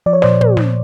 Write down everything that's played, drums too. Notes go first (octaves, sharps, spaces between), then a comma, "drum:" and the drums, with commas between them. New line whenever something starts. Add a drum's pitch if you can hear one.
F3 D5
C#5
A#2 C5 D5, drum: snare
A#2, drum: tom
A#2, drum: snare